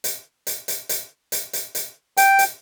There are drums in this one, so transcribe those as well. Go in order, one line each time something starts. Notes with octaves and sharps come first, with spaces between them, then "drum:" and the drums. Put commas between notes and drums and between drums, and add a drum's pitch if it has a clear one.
drum: hi-hat
drum: hi-hat
drum: hi-hat
drum: hi-hat
drum: hi-hat
drum: hi-hat
drum: hi-hat
G5, drum: hi-hat
drum: hi-hat